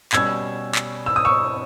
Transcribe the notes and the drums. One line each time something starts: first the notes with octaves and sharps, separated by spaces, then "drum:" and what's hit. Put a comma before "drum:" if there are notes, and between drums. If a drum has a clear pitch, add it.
B2 G3 C#4 E6 G#6, drum: clap
drum: clap
E6
D#6
C#6 E6